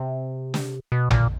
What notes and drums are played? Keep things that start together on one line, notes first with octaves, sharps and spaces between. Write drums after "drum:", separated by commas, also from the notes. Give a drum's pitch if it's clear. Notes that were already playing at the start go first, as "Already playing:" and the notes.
Already playing: C3
drum: snare
B2
A#2, drum: tom